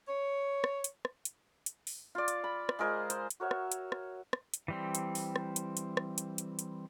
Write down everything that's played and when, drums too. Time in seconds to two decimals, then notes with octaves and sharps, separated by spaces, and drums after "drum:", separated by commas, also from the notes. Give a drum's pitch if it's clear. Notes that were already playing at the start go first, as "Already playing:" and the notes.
0.07 C#5
0.64 drum: rim click
0.84 drum: hi-hat
1.05 drum: rim click
1.25 drum: hi-hat
1.66 drum: hi-hat
1.87 drum: open hi-hat
2.15 F4 D5
2.28 drum: hi-hat
2.44 B5
2.69 drum: rim click
2.79 G#3 F4 A#4 C5
3.10 C5, drum: hi-hat
3.30 drum: hi-hat
3.40 F#4 A#4 C#5 E5
3.51 drum: rim click
3.72 drum: hi-hat
3.92 drum: rim click
4.33 drum: rim click
4.54 drum: hi-hat
4.68 E3 G3 C4
4.95 drum: hi-hat
5.15 drum: open hi-hat
5.36 drum: rim click
5.56 drum: hi-hat
5.77 drum: hi-hat
5.97 drum: rim click
6.18 drum: hi-hat
6.38 drum: hi-hat
6.59 drum: hi-hat